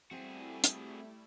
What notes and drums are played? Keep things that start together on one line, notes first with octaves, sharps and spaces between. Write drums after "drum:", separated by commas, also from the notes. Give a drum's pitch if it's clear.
G3 A3 C4 E4 F#4 G#4 E5
drum: hi-hat